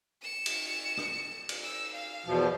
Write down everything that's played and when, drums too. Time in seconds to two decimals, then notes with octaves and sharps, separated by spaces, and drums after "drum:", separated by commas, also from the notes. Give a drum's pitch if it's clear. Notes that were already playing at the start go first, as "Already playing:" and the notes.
0.21 C#7 E7
0.46 drum: cymbal
0.97 drum: rim click
1.49 drum: cymbal
1.62 E6
1.93 F5
2.26 E2 B2 F3